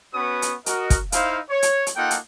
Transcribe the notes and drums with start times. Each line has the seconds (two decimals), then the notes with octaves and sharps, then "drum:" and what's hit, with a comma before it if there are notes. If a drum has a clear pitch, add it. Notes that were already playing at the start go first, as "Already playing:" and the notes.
0.14 B3 C#4 F#4 B4 C#6 D#6
0.42 drum: hi-hat
0.66 F#4 A#4 D#5, drum: hi-hat
0.90 drum: kick, hi-hat
1.12 D#4 E4 C5 F5, drum: hi-hat
1.49 C#5
1.62 drum: hi-hat
1.87 drum: hi-hat
1.96 A#3 D#4 F4 A4 F#5 G5
2.11 drum: hi-hat